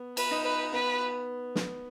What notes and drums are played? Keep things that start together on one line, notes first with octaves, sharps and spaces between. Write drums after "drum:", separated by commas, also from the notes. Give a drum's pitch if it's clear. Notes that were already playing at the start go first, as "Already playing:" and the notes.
Already playing: B3
B4, drum: cymbal
D#4
B4
B3 B4
drum: snare